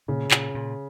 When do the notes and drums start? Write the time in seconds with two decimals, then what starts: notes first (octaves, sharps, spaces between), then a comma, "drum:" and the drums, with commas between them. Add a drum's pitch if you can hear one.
0.08 A#2 C#3
0.31 A#2, drum: clap
0.55 A#2